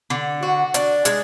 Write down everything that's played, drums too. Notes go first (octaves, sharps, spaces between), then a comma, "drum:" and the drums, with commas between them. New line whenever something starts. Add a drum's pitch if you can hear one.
D3
F#4
D4, drum: hi-hat
G#3, drum: hi-hat